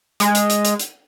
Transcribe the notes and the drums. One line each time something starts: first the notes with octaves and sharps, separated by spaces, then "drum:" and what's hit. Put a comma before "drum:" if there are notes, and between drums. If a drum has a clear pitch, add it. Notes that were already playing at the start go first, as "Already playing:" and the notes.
G#3, drum: hi-hat
drum: hi-hat
drum: hi-hat
drum: hi-hat
drum: hi-hat